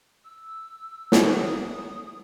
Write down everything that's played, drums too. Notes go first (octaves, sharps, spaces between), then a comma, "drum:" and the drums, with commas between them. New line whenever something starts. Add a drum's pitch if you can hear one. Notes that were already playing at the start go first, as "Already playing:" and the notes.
E6
drum: snare
D#6